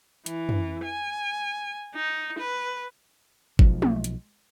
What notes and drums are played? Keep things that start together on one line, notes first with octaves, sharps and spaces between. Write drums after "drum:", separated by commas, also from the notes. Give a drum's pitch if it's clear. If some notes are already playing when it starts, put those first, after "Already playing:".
E3, drum: hi-hat
drum: tom
G#5
D#4
B4
B1 F3 G#3, drum: kick G1
drum: tom
drum: hi-hat